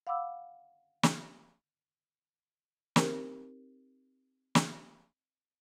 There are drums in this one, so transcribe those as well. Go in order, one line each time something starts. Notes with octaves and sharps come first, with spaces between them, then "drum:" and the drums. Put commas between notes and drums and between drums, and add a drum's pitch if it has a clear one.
F5 F#5 B5 D6 E6
drum: snare
C4 D#4 G4 A#4 C5, drum: snare
drum: snare